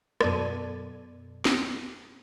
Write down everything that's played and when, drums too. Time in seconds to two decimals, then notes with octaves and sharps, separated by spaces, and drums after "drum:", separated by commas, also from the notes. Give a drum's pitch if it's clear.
0.21 F#2 B2 A4 D5 G#6 D#7, drum: rim click
1.45 drum: snare